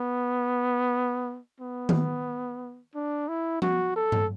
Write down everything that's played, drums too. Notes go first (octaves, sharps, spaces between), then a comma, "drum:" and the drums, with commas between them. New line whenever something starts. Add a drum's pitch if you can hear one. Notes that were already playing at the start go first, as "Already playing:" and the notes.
Already playing: B3
B3
drum: tom D#3
D4
E4
F#4, drum: tom F3
A4
drum: tom G2